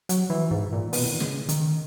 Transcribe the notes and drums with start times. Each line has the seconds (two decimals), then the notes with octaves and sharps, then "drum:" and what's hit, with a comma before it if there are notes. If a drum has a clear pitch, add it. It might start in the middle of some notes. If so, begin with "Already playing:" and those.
0.09 F#3, drum: hi-hat
0.30 E3
0.51 G#2
0.73 A#2
0.93 B2, drum: open hi-hat
1.05 E3
1.13 D#3
1.20 C#3, drum: snare
1.49 D#3, drum: hi-hat